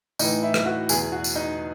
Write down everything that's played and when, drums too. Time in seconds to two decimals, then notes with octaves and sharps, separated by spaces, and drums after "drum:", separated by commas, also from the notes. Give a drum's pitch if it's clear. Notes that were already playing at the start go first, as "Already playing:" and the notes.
0.19 A2 E3 D#4, drum: tambourine
0.43 E4
0.54 drum: rim click
0.66 F#4
0.89 E2 B2 G#4, drum: tambourine
1.12 F#4
1.24 drum: tambourine
1.36 D#4